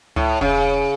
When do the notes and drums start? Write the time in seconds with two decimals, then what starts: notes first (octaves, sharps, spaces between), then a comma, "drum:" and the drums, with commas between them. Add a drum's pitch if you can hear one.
0.16 A2, drum: tom C#2
0.41 C#3, drum: kick E1